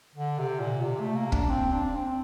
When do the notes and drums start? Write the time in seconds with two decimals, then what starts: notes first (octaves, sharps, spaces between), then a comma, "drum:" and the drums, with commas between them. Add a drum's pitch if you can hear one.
0.15 D3
0.38 C3
0.60 A#2
0.82 C3
1.00 A3
1.16 A#3
1.32 D4, drum: kick
1.49 C4
1.71 D4
1.95 C4